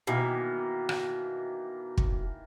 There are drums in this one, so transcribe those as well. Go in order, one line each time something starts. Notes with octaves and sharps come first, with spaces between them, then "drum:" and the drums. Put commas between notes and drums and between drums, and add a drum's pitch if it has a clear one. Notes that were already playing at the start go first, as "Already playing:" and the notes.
B2 D#3 E3 A#3
drum: rim click
drum: kick